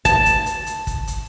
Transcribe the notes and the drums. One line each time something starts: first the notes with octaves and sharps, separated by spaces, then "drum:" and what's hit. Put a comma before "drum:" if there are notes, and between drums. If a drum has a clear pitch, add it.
A5, drum: kick, hi-hat
drum: hi-hat
drum: hi-hat
drum: hi-hat
drum: kick, hi-hat
drum: hi-hat